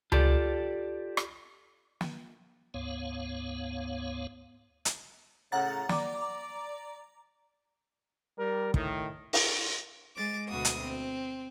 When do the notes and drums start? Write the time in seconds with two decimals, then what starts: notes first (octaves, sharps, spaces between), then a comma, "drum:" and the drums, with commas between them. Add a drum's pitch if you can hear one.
0.12 F4 G4 A4 D5, drum: tom C#2
1.17 drum: rim click
2.01 drum: snare
2.74 D2 G#2 B3 C#5 F5
4.85 drum: hi-hat
5.52 A2 C#3 F#5 A#5 A6
5.89 D5 A#5 D6, drum: snare
8.39 G3 A#4
8.74 A2 D#3, drum: kick
9.33 drum: open hi-hat
10.16 G#3 D6 A6
10.49 D2 B2 F#4 D#6
10.65 drum: hi-hat
10.80 C4